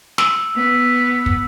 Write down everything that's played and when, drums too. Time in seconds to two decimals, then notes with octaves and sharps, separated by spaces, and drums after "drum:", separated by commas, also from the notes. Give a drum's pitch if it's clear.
0.18 E6, drum: snare
0.55 B3
1.26 drum: kick